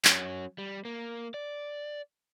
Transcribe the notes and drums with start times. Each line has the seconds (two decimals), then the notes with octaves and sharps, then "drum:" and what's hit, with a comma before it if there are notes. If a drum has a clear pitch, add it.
0.05 F#3 C#4, drum: clap
0.58 G3
0.85 A#3
1.34 D5